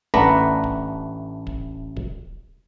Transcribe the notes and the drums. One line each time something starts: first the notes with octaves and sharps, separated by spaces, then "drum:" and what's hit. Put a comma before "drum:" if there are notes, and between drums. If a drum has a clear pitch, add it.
A1 A3 D4 B4 F#5 A#5, drum: kick
drum: kick
drum: kick
drum: kick